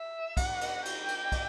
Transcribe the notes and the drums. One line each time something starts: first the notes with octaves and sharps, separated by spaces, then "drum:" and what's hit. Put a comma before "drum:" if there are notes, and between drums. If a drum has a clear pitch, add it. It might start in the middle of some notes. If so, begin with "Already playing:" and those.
Already playing: E5
F#5, drum: kick, cymbal
drum: cymbal
G5, drum: cymbal
drum: cymbal
drum: kick, cymbal